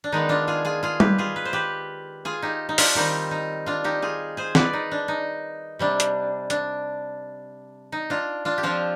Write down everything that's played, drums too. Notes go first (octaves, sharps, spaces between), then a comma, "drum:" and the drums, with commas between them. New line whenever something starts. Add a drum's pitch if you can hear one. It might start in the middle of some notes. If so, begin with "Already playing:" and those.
D4
D#3 G#3 B3 D#4
D4 F4
F4 G#4
F4 G#4
F4 G#4
G4 B4, drum: tom G3
F4 G#4
B4
C5
G4 B4
F4 G#4
D#4 G4
D#4
D4 F4, drum: open hi-hat
D#3 G3 C4 D#4 G4
D#4
D4 F4
D#4 G4
F4 G#4
G#4 C5
B4 D5, drum: snare
D#4
D4
D#4
C3 G3 D4
drum: hi-hat
D4, drum: hi-hat
D#4
D4 F4
D4 F4
G4
F3 C4 D4 F4